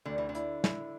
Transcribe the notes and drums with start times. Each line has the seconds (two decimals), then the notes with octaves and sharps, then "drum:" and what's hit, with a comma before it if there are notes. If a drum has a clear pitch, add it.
0.05 D2 D3
0.18 E3
0.29 D3
0.35 E4, drum: hi-hat
0.64 E4, drum: snare